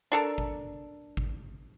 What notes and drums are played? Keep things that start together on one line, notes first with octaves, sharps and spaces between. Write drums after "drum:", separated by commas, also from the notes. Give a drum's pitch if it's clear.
D4 A4 A#4
drum: kick G#1
drum: kick G#1